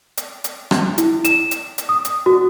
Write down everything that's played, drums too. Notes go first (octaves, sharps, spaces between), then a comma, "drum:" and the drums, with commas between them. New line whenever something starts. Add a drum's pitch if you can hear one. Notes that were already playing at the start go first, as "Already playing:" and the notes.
drum: hi-hat
drum: hi-hat
drum: rim click
E4, drum: hi-hat
E7, drum: hi-hat
drum: hi-hat
drum: hi-hat
D#6
drum: hi-hat
F#4